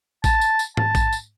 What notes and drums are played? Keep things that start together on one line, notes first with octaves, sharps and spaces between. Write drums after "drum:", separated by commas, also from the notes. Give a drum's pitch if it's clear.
A5, drum: kick A1, tambourine
drum: tambourine
drum: tambourine
A5, drum: tom G#2
drum: kick A1, tambourine
drum: tambourine